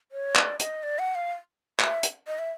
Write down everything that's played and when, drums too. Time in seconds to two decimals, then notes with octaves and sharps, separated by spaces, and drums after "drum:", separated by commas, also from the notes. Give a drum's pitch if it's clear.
0.12 C#5
0.36 D5, drum: clap
0.60 D#5, drum: hi-hat
0.83 D5
0.99 F#5
1.15 F5
1.80 E5, drum: clap
2.03 drum: hi-hat
2.28 D#5
2.39 E5